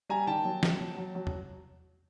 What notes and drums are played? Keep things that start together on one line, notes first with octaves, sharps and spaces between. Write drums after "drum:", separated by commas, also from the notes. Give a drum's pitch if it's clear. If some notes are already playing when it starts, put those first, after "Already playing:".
G3 G#5 A#5
D#3 G5 A5
F#3
F#3, drum: snare
F#3
F#3
F#3
drum: tom E2